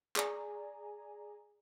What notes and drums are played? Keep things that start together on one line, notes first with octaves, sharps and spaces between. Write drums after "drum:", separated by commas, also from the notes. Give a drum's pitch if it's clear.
G#4 D5 G#5 A#5, drum: clap